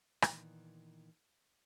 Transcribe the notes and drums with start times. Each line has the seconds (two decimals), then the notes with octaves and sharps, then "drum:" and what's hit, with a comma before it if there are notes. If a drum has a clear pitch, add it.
0.22 A#2 D#3 E3 B3, drum: rim click